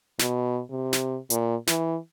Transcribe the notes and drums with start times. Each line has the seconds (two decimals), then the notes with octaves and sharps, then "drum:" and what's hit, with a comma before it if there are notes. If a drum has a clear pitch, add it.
0.19 B2, drum: snare
0.70 C3
0.93 drum: snare
1.30 A#2, drum: hi-hat
1.68 E3, drum: snare